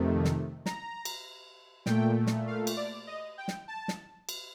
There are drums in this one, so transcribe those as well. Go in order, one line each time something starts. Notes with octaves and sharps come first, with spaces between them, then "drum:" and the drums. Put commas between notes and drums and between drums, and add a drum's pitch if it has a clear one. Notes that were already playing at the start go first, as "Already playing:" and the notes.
Already playing: F2 C3 D#3 A3
drum: snare
A#5, drum: snare
drum: cymbal
A#2 A3 G5, drum: snare
drum: snare
F5
drum: cymbal
D5
D#5
G5
drum: snare
A5
drum: snare
drum: cymbal